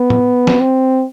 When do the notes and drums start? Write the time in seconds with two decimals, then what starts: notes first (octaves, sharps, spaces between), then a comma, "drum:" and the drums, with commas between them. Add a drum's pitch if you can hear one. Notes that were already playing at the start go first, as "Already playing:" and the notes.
Already playing: B3
0.10 drum: tom A2
0.47 drum: snare
0.61 C4